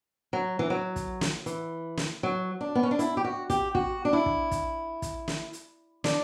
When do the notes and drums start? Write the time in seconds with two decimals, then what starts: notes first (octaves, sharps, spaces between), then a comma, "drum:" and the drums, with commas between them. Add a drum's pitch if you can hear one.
0.33 F#3
0.59 E3
0.70 F#3
0.96 drum: kick, hi-hat
1.21 drum: snare
1.46 E3, drum: hi-hat
1.97 drum: snare
2.23 F#3
2.61 D4
2.75 B3
2.83 C#4
2.91 D4
2.99 E4, drum: hi-hat
3.17 G4
3.24 F#4
3.50 G4, drum: kick, hi-hat
3.75 F#4, drum: kick
4.05 D4
4.13 E4
4.26 drum: kick
4.51 drum: kick, hi-hat
5.02 drum: kick, hi-hat
5.28 drum: snare
5.53 drum: hi-hat
6.04 D4, drum: snare